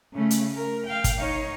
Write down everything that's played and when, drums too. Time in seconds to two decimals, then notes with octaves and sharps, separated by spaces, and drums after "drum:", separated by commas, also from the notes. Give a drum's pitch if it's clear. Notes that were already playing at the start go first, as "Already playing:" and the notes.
0.13 C#3 A3
0.31 drum: hi-hat
0.55 A#4
0.86 F5 G5
1.04 drum: kick, hi-hat
1.20 D#4 C#5